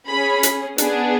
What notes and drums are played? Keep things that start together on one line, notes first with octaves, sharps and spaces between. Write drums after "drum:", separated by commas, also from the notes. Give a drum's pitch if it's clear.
C#4 G#4 B5
drum: hi-hat
B3 D4 G#4, drum: hi-hat